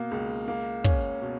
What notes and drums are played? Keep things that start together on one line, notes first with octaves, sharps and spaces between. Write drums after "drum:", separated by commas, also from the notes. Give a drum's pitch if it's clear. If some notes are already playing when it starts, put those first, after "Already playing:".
Already playing: B2 A#3
C#2
A#3
C#4, drum: kick
B2